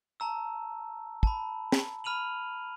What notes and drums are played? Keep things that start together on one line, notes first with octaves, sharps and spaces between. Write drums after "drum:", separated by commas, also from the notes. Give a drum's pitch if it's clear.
A5 A#5 E6
A5 B5, drum: kick
drum: snare
B5 F6 D#7 F7 F#7